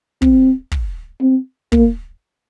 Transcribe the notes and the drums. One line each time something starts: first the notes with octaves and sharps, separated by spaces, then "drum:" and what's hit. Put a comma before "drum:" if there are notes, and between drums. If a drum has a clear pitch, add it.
C4, drum: kick
drum: kick
C4
A#3, drum: kick